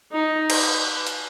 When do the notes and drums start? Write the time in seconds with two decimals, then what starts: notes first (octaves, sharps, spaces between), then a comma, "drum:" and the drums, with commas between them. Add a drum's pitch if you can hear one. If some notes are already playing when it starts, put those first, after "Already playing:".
0.12 D#4
0.50 drum: cymbal
1.07 drum: hi-hat